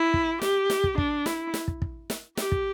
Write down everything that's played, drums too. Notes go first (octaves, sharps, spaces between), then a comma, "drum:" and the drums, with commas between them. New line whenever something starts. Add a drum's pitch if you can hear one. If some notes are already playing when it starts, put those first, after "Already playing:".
Already playing: E4
drum: kick
G4, drum: snare
drum: snare
drum: kick
D4, drum: kick
E4, drum: snare
drum: snare
drum: kick
drum: kick
drum: snare
G4, drum: snare
drum: kick